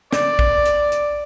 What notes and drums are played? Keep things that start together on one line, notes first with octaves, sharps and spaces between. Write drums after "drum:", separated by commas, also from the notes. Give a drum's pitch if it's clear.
D5, drum: snare
drum: kick
drum: hi-hat
drum: hi-hat